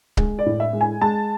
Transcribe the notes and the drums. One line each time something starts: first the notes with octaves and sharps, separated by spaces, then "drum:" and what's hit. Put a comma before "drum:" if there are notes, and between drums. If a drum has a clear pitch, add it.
G#3, drum: kick C#1
D5
A2
E5
G#3
G#5
G#3 A5